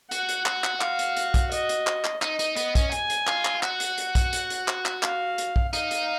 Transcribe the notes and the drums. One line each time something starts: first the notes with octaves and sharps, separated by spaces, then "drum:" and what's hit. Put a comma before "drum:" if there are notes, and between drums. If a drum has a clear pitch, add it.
F#4 F#5, drum: hi-hat
drum: hi-hat
F#4, drum: clap
drum: clap
F5, drum: clap
drum: hi-hat
drum: hi-hat
drum: kick, hi-hat
D#5, drum: hi-hat
drum: hi-hat
drum: clap
drum: clap
D#4 D#5, drum: clap
D#4, drum: hi-hat
B3, drum: hi-hat
C#4, drum: kick, hi-hat
G#5, drum: hi-hat
drum: hi-hat
F4, drum: clap
drum: clap
F#4 F#5, drum: clap
drum: hi-hat
drum: hi-hat
drum: kick, hi-hat
drum: hi-hat
drum: hi-hat
drum: clap
drum: clap
F5, drum: clap
drum: hi-hat
drum: kick
D#4 F5, drum: hi-hat
drum: hi-hat